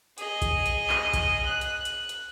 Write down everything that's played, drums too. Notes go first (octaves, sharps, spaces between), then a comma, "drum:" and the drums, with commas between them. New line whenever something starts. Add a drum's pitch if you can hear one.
G#4 D#5, drum: hi-hat
drum: kick B1, hi-hat
drum: hi-hat
drum: clap
drum: kick B1, hi-hat
F#6
drum: hi-hat
drum: hi-hat
drum: hi-hat